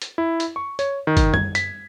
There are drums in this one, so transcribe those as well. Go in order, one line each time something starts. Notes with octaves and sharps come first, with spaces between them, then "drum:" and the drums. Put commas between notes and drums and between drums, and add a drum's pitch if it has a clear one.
drum: hi-hat
E4
drum: hi-hat
C#6
C#5, drum: hi-hat
D#3
drum: kick G1, hi-hat
G#6, drum: tom
B6, drum: hi-hat